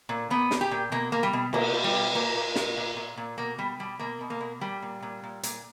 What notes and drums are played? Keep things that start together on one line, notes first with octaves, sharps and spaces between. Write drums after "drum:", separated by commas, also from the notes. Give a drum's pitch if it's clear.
A#2
A#2 B3
A#2, drum: snare
G4
A#2
B2 A#3
B2 A#3
G3
B2
B2 A#3, drum: cymbal
B2
G3
B2
A#2 A#3
A#2
A#2, drum: snare
A#2
A#2
A#2
B2 A#3
B2 G3
B2 G3
B2 A#3
B2
A#3
B2
A#2 G3
A#2
A#2
A#2
A#2, drum: hi-hat